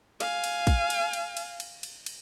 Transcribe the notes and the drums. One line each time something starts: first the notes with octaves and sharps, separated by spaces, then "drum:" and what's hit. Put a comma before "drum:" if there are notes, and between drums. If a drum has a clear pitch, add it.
F5 G#5, drum: cymbal
drum: cymbal
drum: kick, cymbal
drum: cymbal
drum: cymbal
drum: cymbal
drum: cymbal
drum: cymbal
drum: cymbal